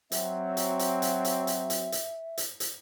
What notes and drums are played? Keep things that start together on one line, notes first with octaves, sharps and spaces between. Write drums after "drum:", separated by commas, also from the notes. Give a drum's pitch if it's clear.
F#3 C4 E5, drum: hi-hat
drum: hi-hat
drum: hi-hat
drum: hi-hat
drum: hi-hat
drum: hi-hat
drum: hi-hat
drum: hi-hat
drum: hi-hat
drum: hi-hat